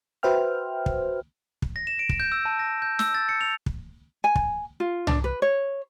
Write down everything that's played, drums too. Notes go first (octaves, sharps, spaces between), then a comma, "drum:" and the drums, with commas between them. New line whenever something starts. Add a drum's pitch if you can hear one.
F#4 B4 C5 E5 G5 F6
drum: kick
drum: kick
A#6
E7
D7
drum: kick
G6
E6
A5
A#6
G6
E6, drum: snare
A6
C#7
F7
drum: kick
G#5
drum: kick
F4
D4, drum: tom
B4
C#5